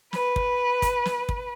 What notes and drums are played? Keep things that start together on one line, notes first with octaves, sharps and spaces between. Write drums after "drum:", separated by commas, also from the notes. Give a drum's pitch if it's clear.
B4, drum: snare
drum: kick
drum: kick, hi-hat
drum: snare
drum: kick